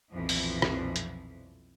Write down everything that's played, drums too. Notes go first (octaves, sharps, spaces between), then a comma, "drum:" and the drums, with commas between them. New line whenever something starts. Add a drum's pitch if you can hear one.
B1 F2 A#2 E3 F3
drum: open hi-hat
drum: rim click
drum: hi-hat